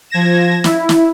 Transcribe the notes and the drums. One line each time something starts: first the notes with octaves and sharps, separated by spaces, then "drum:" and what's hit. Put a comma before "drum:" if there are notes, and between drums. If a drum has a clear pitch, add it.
F3 G#6 A#6 E7
E4, drum: snare
drum: snare